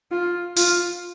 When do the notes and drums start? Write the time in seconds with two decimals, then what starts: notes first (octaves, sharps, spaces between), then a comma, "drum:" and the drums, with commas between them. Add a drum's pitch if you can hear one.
0.11 F4
0.57 F4, drum: open hi-hat